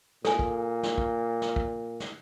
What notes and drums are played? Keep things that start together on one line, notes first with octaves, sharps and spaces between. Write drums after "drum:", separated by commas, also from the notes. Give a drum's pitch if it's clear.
A#2 A4 G#5, drum: snare
drum: kick
drum: snare
drum: kick
drum: snare
drum: kick
drum: snare